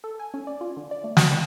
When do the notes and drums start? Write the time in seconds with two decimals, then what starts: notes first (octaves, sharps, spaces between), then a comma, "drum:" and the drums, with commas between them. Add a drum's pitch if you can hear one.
0.04 A4
0.19 G#5
0.34 C#4
0.47 D5
0.61 F4
0.77 D3
0.91 D5
1.04 A3
1.17 G4, drum: snare
1.31 E2